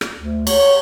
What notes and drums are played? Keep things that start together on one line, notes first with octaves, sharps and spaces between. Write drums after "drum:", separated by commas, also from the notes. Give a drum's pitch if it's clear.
drum: rim click
D2
C#5, drum: cymbal
C#5